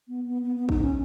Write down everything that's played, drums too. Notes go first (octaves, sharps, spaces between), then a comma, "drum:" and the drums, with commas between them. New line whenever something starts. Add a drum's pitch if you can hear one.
B3
B3
B3
B3
D#4, drum: kick A1
C#4